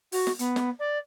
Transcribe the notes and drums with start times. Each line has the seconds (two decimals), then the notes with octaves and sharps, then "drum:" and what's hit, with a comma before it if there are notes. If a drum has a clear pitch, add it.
0.12 F#4, drum: open hi-hat
0.27 drum: snare
0.39 B3, drum: hi-hat
0.56 drum: snare
0.79 D5